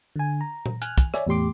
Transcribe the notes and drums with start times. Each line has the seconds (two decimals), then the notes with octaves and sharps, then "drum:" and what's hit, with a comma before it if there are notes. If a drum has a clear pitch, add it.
0.16 D3 G#5
0.41 A#5
0.66 drum: tom A#2
0.82 G#5 F6 F#6, drum: hi-hat
0.98 drum: kick, hi-hat
1.14 C#5 D5 E5 G#5, drum: rim click
1.27 E2 A2 G4 C6 D6